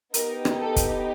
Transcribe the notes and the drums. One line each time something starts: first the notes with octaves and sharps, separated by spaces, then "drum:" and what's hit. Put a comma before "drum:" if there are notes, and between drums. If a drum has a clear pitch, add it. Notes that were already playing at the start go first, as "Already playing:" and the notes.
B3 D#4 G4 A#4, drum: hi-hat
drum: rim click
A4
drum: kick, hi-hat